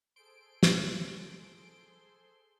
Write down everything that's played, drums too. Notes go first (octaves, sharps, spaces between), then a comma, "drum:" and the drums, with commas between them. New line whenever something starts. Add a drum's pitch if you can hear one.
G#4 A4 C5 C6 D7
drum: snare